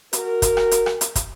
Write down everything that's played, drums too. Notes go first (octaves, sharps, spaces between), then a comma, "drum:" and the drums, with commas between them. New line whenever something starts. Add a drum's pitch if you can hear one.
F#4 A#4, drum: hi-hat
drum: kick, hi-hat
drum: rim click
drum: hi-hat
drum: rim click
drum: hi-hat
drum: kick, hi-hat